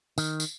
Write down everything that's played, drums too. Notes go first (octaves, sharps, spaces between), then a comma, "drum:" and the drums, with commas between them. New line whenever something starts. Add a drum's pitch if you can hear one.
D#3, drum: tambourine
drum: tambourine